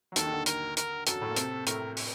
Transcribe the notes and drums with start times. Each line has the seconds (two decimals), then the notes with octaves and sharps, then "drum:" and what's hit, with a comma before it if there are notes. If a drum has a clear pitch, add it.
0.12 F#3
0.16 D#2 D#3 A4, drum: hi-hat
0.27 D#3
0.32 D3
0.46 A#4, drum: hi-hat
0.77 A#4, drum: hi-hat
1.07 F#2 F#3 A4, drum: hi-hat
1.21 A2 A3
1.30 A#3
1.36 C3 C4, drum: hi-hat
1.67 A2 A3 A#4, drum: hi-hat
1.97 drum: open hi-hat